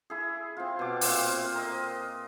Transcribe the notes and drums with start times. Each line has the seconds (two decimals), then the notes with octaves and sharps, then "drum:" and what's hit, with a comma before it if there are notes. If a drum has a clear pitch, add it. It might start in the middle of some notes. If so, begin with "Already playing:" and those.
0.10 E4 G#4
0.57 C4 F4
0.79 B2 D6
1.01 A#2 C4 F5, drum: open hi-hat
1.55 A#4 D#5